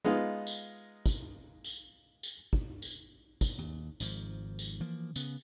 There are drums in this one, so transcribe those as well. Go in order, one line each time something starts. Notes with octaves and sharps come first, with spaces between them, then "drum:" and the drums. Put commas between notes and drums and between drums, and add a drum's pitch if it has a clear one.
G#3 B3 D#4 F4
drum: tambourine
drum: kick, tambourine
drum: tambourine
drum: tambourine
drum: kick
drum: tambourine
drum: kick, tambourine
D#2
G#1 G#2 F3, drum: tambourine
drum: tambourine
E3 F3 A#3
C#3 B3, drum: tambourine